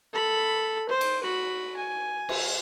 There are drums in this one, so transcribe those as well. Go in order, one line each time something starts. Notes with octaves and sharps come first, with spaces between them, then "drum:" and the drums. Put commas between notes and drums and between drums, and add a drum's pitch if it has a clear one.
A4 B5
C5
drum: cymbal
F#4 B5
G#5
drum: cymbal